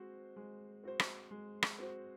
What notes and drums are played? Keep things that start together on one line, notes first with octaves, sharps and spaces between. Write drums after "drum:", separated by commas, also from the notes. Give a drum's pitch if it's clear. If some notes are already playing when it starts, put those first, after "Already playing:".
Already playing: G#3 C4 F#4 C5
G#3
C4 F#4 C5
drum: rim click
G#3
drum: rim click
C4 F#4 C5